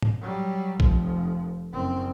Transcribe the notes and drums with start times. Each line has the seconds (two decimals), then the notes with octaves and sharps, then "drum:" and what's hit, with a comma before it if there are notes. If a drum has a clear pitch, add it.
0.02 drum: tom
0.22 F#3 G3
0.80 F1 F3, drum: kick
1.73 F#1 C4